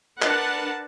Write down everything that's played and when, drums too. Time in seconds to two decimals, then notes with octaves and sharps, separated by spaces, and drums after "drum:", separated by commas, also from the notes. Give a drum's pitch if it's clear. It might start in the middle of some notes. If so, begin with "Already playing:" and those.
0.22 D4 A#4 B4 F#5 A5, drum: clap